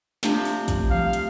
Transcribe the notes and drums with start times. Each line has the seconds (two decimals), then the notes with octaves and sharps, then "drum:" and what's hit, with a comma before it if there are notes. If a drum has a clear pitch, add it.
0.23 C3 F3 A3 D4, drum: snare
0.45 drum: open hi-hat
0.68 drum: kick, hi-hat
0.91 F5, drum: tom E3
1.13 drum: hi-hat